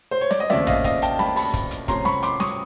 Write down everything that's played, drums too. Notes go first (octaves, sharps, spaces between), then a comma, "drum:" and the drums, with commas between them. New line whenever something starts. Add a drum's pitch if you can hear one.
C5
C#5
D5, drum: snare
D#5
D#2 C#3 F3 A3 C4 D5 E5, drum: snare
D#5 F5, drum: tom A1
D#5 F5, drum: kick, hi-hat
G5 A5, drum: hi-hat
A5 B5, drum: snare
A5 B5, drum: open hi-hat
drum: kick, hi-hat
drum: hi-hat
C3 F3 A3 C#4 A#5 C6, drum: kick, hi-hat
B5 C#6, drum: snare
C6 D6, drum: hi-hat
C#6 D#6, drum: snare